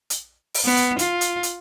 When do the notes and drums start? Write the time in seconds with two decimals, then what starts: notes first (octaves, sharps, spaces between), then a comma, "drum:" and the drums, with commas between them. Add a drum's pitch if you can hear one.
0.10 drum: hi-hat
0.54 drum: open hi-hat
0.64 B3
0.77 drum: hi-hat
0.99 F4, drum: hi-hat
1.21 drum: hi-hat
1.43 drum: hi-hat